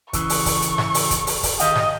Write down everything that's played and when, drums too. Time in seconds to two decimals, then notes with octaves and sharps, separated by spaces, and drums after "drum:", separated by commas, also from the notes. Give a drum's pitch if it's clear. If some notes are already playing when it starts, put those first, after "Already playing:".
0.13 C#3 E3 C#6, drum: kick, hi-hat
0.30 drum: open hi-hat
0.46 drum: kick, open hi-hat
0.62 drum: hi-hat
0.78 drum: snare G#2
0.94 drum: open hi-hat
1.11 drum: kick, hi-hat
1.27 drum: open hi-hat
1.43 drum: kick, open hi-hat
1.59 D#3 G4 D#5 F5, drum: hi-hat
1.76 drum: snare G#2